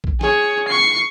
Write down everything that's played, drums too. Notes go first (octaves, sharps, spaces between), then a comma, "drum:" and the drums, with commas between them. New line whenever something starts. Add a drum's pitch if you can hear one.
drum: kick A#1
G#4 C#5, drum: snare
C#6 C7